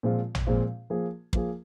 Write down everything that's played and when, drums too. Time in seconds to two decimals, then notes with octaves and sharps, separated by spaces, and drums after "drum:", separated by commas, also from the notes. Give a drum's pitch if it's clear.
0.03 A#2 F3 G#3 C4 F4
0.35 drum: tom A1
0.47 A#2 F3 G#3 C4 F4
0.90 F3 A#3 F4 G#4
1.33 F3 A#3 F4 G#4, drum: kick